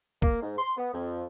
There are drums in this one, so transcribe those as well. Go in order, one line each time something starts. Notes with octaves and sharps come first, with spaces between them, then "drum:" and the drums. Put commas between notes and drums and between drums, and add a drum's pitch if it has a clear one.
A#3, drum: kick
G#2
C6
B3
F2